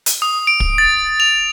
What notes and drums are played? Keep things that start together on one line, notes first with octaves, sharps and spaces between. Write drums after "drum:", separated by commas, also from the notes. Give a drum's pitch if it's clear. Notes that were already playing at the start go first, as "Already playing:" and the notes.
drum: hi-hat
D#6
D7
drum: kick
A6
F7